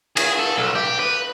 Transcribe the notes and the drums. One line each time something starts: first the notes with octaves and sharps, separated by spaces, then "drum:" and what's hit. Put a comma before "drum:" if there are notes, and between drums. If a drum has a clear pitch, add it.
G#4, drum: cymbal
A4
B1
G4
B4